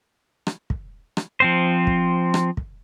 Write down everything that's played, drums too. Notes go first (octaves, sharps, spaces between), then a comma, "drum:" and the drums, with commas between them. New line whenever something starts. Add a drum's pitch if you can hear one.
drum: rim click
drum: kick
drum: rim click
F3 C4 C5
drum: kick
drum: rim click
drum: kick